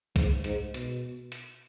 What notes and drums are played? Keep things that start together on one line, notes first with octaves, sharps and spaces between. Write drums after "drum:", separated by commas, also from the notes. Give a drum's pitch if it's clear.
G#2, drum: kick B1, hi-hat
G#2, drum: hi-hat
B2, drum: hi-hat
drum: hi-hat